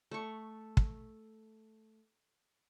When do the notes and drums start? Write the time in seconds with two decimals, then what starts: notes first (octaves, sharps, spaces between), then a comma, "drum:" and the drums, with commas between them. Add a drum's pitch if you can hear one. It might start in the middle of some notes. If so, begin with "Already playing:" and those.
0.11 A3 C#6
0.77 drum: kick